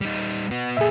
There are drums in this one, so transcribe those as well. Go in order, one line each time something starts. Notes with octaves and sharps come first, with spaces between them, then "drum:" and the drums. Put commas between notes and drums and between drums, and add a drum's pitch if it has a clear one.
G3 D#4
drum: open hi-hat
B3 F#4
A#2 G#4 A4 E5